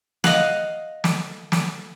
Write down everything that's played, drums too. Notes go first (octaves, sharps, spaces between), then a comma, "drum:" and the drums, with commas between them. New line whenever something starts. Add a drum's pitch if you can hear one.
D#5 F5 F#5, drum: snare
drum: snare
drum: snare